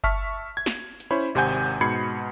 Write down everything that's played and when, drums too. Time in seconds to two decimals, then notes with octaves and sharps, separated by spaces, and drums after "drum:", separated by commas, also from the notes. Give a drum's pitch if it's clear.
0.04 E5 A5 C#6 F6 B6, drum: kick F#1
0.57 G#6
0.66 drum: snare
1.00 drum: hi-hat
1.11 C#4 E4 C5 C#5 B5
1.35 G#1 C3 C5 F#5 G#5 G6
1.81 G#2 B2 B5 G#6 C7 C#7